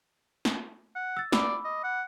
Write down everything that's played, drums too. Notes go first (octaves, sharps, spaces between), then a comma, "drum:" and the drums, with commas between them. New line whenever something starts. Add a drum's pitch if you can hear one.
drum: snare
F#5
E6 A6
D5 B5 D6 E6, drum: snare
D#5
F#5